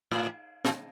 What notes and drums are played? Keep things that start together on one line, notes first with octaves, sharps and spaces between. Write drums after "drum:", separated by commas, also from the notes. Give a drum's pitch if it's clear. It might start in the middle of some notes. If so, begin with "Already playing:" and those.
A2
A#2, drum: snare